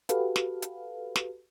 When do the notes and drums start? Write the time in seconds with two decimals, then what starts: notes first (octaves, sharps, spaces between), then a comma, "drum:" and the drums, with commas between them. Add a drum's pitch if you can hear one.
0.09 F#4 G4 A4 B4 F5, drum: hi-hat
0.36 drum: snare
0.62 drum: hi-hat
1.16 drum: snare